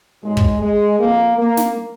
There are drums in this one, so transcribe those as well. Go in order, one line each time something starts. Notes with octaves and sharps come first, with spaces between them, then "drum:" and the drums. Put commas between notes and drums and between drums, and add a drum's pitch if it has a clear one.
G#2 F#3 G#3
drum: kick
G#3
F2 F3 A#3
A#3
drum: snare